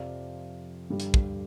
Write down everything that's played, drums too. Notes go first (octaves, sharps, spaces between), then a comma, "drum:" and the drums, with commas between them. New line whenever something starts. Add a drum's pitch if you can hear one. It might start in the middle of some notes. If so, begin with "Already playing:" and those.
Already playing: F2 C3 F3 D5 F5
G2 D3 G3
drum: hi-hat
drum: kick